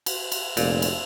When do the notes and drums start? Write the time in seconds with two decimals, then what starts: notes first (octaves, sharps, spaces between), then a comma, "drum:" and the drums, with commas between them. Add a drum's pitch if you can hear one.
0.06 drum: cymbal
0.32 drum: cymbal
0.57 F1 A#2, drum: cymbal
0.82 drum: cymbal